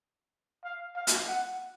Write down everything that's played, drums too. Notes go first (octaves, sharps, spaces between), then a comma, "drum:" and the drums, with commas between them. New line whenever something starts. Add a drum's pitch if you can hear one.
F5
F5
drum: hi-hat
F#5